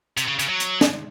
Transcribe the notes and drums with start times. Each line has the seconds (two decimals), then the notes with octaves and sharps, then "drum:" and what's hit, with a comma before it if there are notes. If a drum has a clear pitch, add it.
0.17 C3, drum: hi-hat
0.28 C#3
0.39 C#3, drum: hi-hat
0.49 F#3
0.60 drum: hi-hat
0.81 drum: snare